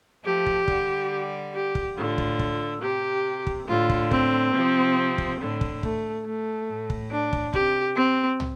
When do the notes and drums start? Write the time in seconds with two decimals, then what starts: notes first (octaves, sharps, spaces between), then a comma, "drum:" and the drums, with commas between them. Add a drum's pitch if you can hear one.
0.25 F3 A3 G4
0.46 drum: kick
0.68 D3 G3, drum: kick
1.54 G4
1.75 drum: kick
1.96 A2 D3 F4
2.18 drum: kick
2.39 drum: kick
2.82 C3 G4
3.47 drum: kick
3.68 A2 D3 F4
3.90 drum: kick
4.11 C4, drum: kick
4.53 C3 F3
5.18 drum: kick
5.40 A2 D3
5.61 drum: kick
5.83 A3, drum: kick
6.26 A3
6.69 A2
6.90 drum: kick
7.11 D4
7.33 drum: kick
7.53 C3 G4, drum: kick
7.96 C4
8.40 drum: tom